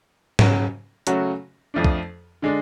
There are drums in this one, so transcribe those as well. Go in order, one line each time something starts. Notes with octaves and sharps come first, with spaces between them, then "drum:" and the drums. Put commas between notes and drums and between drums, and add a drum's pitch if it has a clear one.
C#3 F#3 C#4 F#4, drum: tom G#2
C#3 F#3 A3 C#4 F#4, drum: hi-hat
F2 F3 A3 D4
drum: kick
D3 G#3 D4